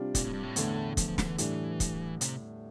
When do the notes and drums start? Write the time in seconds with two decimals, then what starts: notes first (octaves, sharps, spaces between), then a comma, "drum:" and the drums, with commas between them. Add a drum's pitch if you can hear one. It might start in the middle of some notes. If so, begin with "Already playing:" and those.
Already playing: C3 G3 D4 F4
0.15 A#2, drum: kick, hi-hat
0.24 A2
0.33 G2
0.43 A2
0.56 E2 D3 A3, drum: hi-hat
0.97 F3, drum: kick, hi-hat
1.08 F3
1.18 F3, drum: snare
1.28 E3
1.38 A2 E3 G3 D4, drum: hi-hat
1.80 drum: kick, hi-hat
2.21 C3, drum: hi-hat